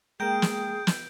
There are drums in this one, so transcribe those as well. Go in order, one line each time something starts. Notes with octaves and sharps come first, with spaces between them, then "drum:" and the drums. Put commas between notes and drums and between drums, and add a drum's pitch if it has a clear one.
G#3 A#3 G#4 G5 A#5 C6 G6 D7
drum: snare
drum: snare